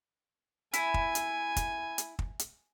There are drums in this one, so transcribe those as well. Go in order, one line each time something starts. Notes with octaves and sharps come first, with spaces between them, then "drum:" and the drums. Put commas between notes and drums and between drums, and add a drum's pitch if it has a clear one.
E4 G#5, drum: hi-hat
drum: kick
drum: hi-hat
drum: kick, hi-hat
drum: hi-hat
drum: kick
drum: hi-hat